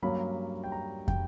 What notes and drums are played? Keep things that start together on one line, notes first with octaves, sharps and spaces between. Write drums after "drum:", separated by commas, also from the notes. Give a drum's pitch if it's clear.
G2 F#3 A#3 C#4 B5
G5
A#5
G5, drum: kick